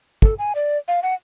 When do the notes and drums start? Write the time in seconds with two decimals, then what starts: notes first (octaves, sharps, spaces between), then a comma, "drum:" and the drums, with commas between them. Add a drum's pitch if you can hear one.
0.22 A4, drum: kick
0.39 G#5
0.55 D5
0.88 F5
1.03 F#5